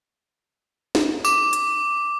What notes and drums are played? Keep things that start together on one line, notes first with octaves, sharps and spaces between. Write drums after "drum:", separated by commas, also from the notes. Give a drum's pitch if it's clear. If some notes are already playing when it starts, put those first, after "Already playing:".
drum: snare
D6, drum: tambourine
drum: hi-hat